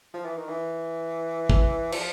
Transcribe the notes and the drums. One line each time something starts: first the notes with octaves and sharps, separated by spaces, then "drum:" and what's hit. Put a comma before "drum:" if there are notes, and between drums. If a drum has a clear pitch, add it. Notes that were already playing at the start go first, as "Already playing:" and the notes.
F3
E3
D#3
E3
drum: kick
F3, drum: cymbal